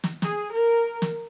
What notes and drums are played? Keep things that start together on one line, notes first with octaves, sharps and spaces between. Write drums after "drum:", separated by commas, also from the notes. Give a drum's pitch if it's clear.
drum: snare
G#4, drum: snare
A#4
drum: snare